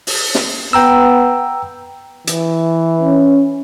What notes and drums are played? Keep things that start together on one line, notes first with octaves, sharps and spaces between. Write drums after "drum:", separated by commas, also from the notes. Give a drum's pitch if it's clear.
drum: open hi-hat
drum: snare
B3 G5 A#5 E6
E3, drum: hi-hat
C#4